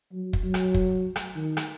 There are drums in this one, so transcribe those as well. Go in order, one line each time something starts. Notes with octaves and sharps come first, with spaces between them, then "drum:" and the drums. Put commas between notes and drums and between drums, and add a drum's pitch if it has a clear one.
F#3
drum: kick
F#3
drum: rim click
drum: kick
drum: rim click
D#3
drum: rim click